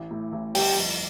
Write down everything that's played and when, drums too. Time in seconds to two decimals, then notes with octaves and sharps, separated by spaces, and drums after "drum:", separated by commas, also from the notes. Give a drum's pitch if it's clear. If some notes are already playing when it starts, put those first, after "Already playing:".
Already playing: A1
0.11 A2
0.33 A1
0.55 G1 G4, drum: open hi-hat
0.76 F2